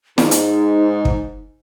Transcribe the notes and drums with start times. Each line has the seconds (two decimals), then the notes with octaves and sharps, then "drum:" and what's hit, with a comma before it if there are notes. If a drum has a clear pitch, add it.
0.18 G#2 D#4, drum: snare
0.31 drum: hi-hat
1.05 drum: kick